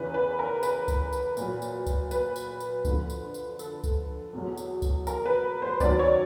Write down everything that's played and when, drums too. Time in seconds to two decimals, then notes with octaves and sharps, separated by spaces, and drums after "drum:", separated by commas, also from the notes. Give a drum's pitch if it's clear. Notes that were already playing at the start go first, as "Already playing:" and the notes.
Already playing: E2 C#3 E3 B4
0.14 B4
0.39 A#4
0.63 B4, drum: tambourine
0.88 drum: kick C2, tambourine
1.13 drum: tambourine
1.37 A#2 F#3, drum: tambourine
1.62 drum: tambourine
1.87 drum: kick C2, tambourine
2.11 B4, drum: tambourine
2.36 drum: tambourine
2.60 drum: tambourine
2.85 F2 D3 F3, drum: kick C2, tambourine
3.10 drum: tambourine
3.34 drum: tambourine
3.59 A4, drum: tambourine
3.84 drum: kick C2, tambourine
4.33 E2 B2 F#3
4.57 drum: tambourine
4.82 drum: kick C2, tambourine
5.07 A#4, drum: tambourine
5.26 B4
5.62 C5
5.80 F#2 D#3 F#3 D5, drum: kick C2, tambourine
5.99 C#5